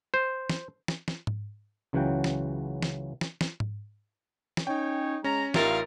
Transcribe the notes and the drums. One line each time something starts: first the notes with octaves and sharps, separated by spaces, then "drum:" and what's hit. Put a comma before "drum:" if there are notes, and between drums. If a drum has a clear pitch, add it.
C5
drum: snare
drum: snare
drum: snare
drum: tom G#2
C#2 C#3 E3 F#3 F#5 G5
drum: snare
drum: snare
drum: snare
drum: snare
drum: tom G#2
drum: snare
C#4 D#4 C#5 G5
G#3 C#4 A#5
A1 D#4 F4 G4 A#4 E5 F5 A6, drum: snare